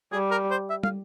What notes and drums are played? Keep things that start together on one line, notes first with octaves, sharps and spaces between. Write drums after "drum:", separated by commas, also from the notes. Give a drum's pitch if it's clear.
G3 G#4
A#4
C5
E5
F5, drum: tom